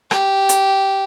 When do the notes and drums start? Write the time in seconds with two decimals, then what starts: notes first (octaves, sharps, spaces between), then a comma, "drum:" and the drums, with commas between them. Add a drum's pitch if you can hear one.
0.11 G4, drum: rim click
0.49 drum: hi-hat